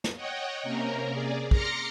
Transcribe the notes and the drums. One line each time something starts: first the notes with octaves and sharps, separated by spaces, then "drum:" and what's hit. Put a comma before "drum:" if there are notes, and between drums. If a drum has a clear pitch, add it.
drum: snare
C#5 D#5 F#5 G5
C3 A#3 C#4 A#4 A#5
G#4 D5
A#5 C6 D6 F6 A#6 C#7, drum: kick